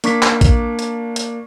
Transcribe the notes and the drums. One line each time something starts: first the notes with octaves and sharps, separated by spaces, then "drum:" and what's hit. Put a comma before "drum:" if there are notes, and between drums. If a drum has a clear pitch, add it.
A#3 D4 C#6 D6 B6, drum: hi-hat
drum: clap
drum: kick A1, hi-hat
drum: hi-hat
drum: hi-hat